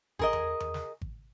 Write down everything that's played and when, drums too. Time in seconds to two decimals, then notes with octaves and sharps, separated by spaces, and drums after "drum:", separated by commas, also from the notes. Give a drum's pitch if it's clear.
0.19 G#4 A#4 D#5, drum: kick G#1
0.33 drum: tom E2
0.60 drum: tom E2
0.74 drum: snare
1.01 drum: kick G#1